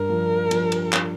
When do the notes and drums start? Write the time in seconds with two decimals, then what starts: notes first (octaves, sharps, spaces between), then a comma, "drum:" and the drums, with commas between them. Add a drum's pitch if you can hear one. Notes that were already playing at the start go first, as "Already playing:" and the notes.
Already playing: G2 A#4
0.09 F3
0.51 F3, drum: cymbal
0.72 drum: cymbal
0.93 drum: clap